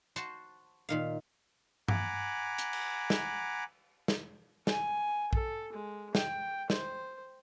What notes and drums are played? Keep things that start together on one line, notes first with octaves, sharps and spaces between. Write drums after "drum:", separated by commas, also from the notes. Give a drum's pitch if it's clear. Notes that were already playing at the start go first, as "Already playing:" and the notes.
F#4 C5 A5, drum: hi-hat
A#2 D#3 F5
F#5 G#5 A#5 B5 D6, drum: tom G2
drum: hi-hat
drum: cymbal
drum: snare
drum: snare
G#5, drum: snare
A4, drum: kick A#1
G#3
G5, drum: snare
C5, drum: snare